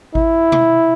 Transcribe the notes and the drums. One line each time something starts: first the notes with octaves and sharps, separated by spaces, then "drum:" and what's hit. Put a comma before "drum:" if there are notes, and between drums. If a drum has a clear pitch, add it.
E4, drum: kick G#1
drum: tom B2